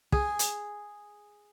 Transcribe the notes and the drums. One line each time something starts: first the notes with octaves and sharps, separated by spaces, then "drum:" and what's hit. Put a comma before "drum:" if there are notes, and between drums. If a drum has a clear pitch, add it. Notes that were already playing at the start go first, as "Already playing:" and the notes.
G#4, drum: kick
drum: hi-hat